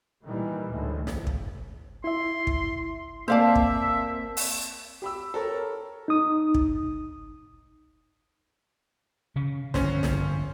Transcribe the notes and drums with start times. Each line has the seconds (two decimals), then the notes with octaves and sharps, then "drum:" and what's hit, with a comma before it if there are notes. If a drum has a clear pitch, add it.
0.24 A#2 D#3 E3 G3
0.70 D2 A2 G#3
1.07 drum: snare
1.27 drum: kick
2.04 E4 E5 C6
2.47 drum: kick
3.28 A#3 C4 C5 D5 E5 F5 A5
3.55 drum: kick
4.37 drum: open hi-hat
5.02 G4 B5 E6
5.34 A4 A#4 C#5
6.08 D#4 D#6
6.54 drum: kick
9.36 C#3 C#4
9.74 G1 F2 A2 C#4 C5, drum: snare
10.03 drum: snare